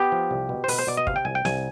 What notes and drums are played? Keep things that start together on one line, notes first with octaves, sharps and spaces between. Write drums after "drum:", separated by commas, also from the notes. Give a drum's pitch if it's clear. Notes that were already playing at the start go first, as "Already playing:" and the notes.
Already playing: B3 G4
F3
C2
B2
C5
B2 B4, drum: open hi-hat
C5
B2 D5
D#5
C3 F5, drum: kick
G5
C2 G#5
G5
C2 G#5, drum: snare